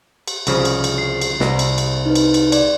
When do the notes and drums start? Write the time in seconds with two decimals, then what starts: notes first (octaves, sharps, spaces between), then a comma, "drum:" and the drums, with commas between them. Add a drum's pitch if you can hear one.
0.28 drum: cymbal
0.47 C2 C#3 F3, drum: cymbal
0.65 drum: cymbal
0.84 drum: cymbal
0.98 C7
1.21 drum: cymbal
1.40 C2, drum: snare
1.59 drum: cymbal
1.78 drum: cymbal
2.06 D#4 B4
2.15 drum: cymbal
2.34 drum: cymbal
2.52 D5, drum: cymbal